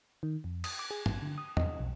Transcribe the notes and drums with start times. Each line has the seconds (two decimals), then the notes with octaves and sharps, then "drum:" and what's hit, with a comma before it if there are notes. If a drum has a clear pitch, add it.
0.23 D#3
0.44 F2
0.64 D#6, drum: cymbal
0.79 D6
0.91 G#4
1.06 G#1, drum: tom G2
1.22 D3
1.38 D#6
1.57 D#5, drum: tom E2
1.79 B1